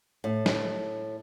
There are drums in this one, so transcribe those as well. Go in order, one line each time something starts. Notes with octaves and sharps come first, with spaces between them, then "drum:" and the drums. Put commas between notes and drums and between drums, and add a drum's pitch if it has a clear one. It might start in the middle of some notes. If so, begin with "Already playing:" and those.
A2
drum: snare